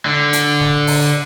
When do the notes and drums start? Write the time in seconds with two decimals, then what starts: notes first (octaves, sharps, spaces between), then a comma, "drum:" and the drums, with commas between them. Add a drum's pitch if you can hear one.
0.06 D3
0.33 drum: hi-hat
0.60 drum: snare
0.87 drum: open hi-hat